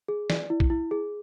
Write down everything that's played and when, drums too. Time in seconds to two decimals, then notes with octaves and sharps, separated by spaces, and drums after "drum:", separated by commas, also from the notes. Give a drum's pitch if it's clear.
0.08 G#4
0.30 D5, drum: snare
0.50 E4
0.60 drum: kick
0.70 E4
0.91 G#4